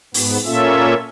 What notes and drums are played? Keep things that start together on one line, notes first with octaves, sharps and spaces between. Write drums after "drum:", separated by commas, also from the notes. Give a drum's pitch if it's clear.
G#2 B3, drum: open hi-hat
A#2 A#3 C#4 F4 A4 E5